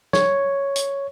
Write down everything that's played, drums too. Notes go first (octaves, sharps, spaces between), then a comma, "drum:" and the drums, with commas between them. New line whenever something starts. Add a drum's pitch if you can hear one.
C#5, drum: snare
drum: hi-hat